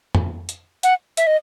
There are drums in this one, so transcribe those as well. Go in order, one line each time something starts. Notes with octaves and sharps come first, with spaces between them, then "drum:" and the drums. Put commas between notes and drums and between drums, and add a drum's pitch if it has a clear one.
drum: tom
drum: hi-hat
F#5, drum: hi-hat
E5, drum: hi-hat
D#5